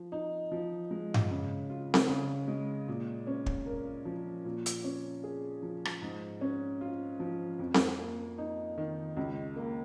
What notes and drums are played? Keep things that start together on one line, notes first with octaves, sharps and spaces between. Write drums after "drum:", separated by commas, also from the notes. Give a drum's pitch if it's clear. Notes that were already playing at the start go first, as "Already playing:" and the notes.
Already playing: F3
D#4
F3
G#3
drum: tom G2
C#3
F4
drum: snare C4
C#3
G#3
A#2
C#4
drum: kick
A#4
F3
A#2
drum: hi-hat
C#4
G#4
F3
drum: rim click
G#2
C#4
F4
F3
F2
drum: snare C4
A#3
D#4
D#3
C#2
A#3